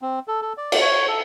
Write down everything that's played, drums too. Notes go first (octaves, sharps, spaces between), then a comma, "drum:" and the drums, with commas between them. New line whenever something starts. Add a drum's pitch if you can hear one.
C4
A4
A4
D5
drum: cymbal
C#5
A4